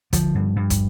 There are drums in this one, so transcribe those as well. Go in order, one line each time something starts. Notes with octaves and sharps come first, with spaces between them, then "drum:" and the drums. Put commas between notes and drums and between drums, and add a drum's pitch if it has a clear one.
D3 F3, drum: kick, hi-hat
G2
G2
drum: kick, hi-hat